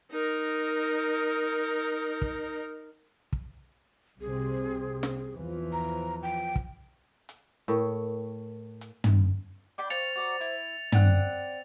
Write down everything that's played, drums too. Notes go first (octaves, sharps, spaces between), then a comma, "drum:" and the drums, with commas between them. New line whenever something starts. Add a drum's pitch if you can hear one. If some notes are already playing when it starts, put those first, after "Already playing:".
D#4 A#4
drum: kick
drum: kick
C2 C3 C4 G#4
drum: snare
E2 E3 F3
A#5
G5
drum: kick
drum: hi-hat
A2 A#4 G5 C#6
drum: hi-hat
drum: tom
D4 G5 B5 D6
C5 F5 C#6 A6 C#7 F7, drum: hi-hat
F#4 D5 A#5
E4
C4 D5 F#5 F#6, drum: tom